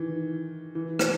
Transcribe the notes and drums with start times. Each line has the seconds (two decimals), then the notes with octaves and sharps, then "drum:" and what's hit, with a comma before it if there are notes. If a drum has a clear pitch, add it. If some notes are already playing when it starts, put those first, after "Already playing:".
Already playing: D#3 E3
0.75 E3
0.99 E3, drum: rim click